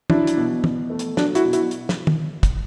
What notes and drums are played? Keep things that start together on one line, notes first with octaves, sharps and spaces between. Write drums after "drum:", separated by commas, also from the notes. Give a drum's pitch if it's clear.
F#3 D4 E4, drum: tom
drum: hi-hat
B2
B2, drum: tom
A3
drum: hi-hat
F#3 D4, drum: snare
E4 F#4, drum: hi-hat
B2
E4 F#4, drum: hi-hat
drum: hi-hat
drum: snare
drum: tom
drum: kick, hi-hat